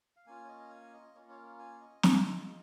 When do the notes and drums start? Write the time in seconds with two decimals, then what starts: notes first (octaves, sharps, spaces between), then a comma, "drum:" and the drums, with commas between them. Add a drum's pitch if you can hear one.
0.16 F5
0.26 A#3 C#4 F4 G#5
0.44 C#5
0.48 D#5
0.70 G#5
0.93 D#5
1.14 A#3 C#4 F4 C#5
1.30 C#5
1.37 A#4
1.59 G#5
1.81 D#5
2.03 G#3 F4, drum: snare